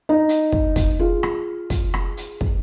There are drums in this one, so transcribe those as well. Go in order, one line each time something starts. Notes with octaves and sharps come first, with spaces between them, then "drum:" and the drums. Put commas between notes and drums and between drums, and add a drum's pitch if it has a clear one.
D#4
drum: hi-hat
drum: kick
drum: kick, hi-hat
F4 G#4
drum: rim click
drum: kick, hi-hat
drum: rim click
drum: hi-hat
drum: kick